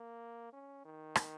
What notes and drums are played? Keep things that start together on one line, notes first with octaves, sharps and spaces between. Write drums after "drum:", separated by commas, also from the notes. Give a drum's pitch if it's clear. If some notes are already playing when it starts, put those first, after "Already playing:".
Already playing: A#3
C#4
D#3
drum: rim click